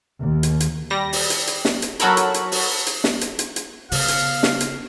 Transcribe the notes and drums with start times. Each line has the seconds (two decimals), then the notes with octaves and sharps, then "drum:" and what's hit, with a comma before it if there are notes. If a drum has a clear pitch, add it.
0.19 D#2
0.43 drum: hi-hat
0.60 drum: hi-hat
0.90 G3 A#6
1.13 drum: open hi-hat
1.30 drum: hi-hat
1.47 drum: hi-hat
1.65 drum: snare
1.82 drum: hi-hat
2.00 F#3 F#4 A4 A#4 B5, drum: hi-hat
2.17 drum: hi-hat
2.34 drum: hi-hat
2.52 drum: open hi-hat
2.87 drum: hi-hat
3.04 drum: snare
3.21 drum: hi-hat
3.39 drum: hi-hat
3.56 drum: hi-hat
3.92 C#3 B3 F5, drum: open hi-hat
4.08 drum: hi-hat
4.43 drum: snare
4.60 drum: hi-hat